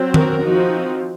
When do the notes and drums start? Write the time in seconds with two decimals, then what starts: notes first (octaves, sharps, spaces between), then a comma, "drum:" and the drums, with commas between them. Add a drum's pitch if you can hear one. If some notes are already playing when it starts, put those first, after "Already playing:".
Already playing: F#3 C4
0.14 F#4 A#4, drum: tom D#3
0.44 F3 C4 D#4 F#4